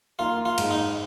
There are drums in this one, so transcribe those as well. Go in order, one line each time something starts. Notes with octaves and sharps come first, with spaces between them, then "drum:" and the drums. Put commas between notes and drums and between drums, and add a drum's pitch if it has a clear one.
A#3 F4
F4
G#2, drum: cymbal
D#4